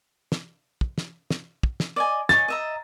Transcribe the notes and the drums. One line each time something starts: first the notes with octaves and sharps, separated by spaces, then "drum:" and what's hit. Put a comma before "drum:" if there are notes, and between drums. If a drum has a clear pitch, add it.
drum: snare
drum: kick
drum: snare
drum: snare
drum: kick
drum: snare
D5 D#5 G#5
C#5 D#5 G#5 A6, drum: snare
D#5 E5 A#5